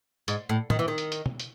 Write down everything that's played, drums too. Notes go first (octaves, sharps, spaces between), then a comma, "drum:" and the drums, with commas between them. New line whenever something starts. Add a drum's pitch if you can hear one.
G#2, drum: hi-hat
A2
D#3, drum: tom
E3
D#3
drum: hi-hat
drum: hi-hat
drum: tom
drum: hi-hat